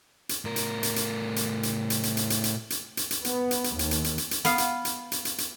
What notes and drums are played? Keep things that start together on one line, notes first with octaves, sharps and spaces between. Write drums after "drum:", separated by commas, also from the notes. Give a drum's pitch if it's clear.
drum: hi-hat
A2 A#4
drum: hi-hat
drum: hi-hat
drum: hi-hat
drum: hi-hat
drum: hi-hat
drum: hi-hat
drum: hi-hat
drum: hi-hat
drum: hi-hat
drum: hi-hat
drum: hi-hat
drum: hi-hat
drum: hi-hat
B3, drum: hi-hat
drum: hi-hat
drum: hi-hat
D#2, drum: hi-hat
drum: hi-hat
drum: hi-hat
drum: hi-hat
drum: hi-hat
B3 F5, drum: hi-hat
drum: hi-hat
drum: hi-hat
drum: hi-hat
drum: hi-hat
drum: hi-hat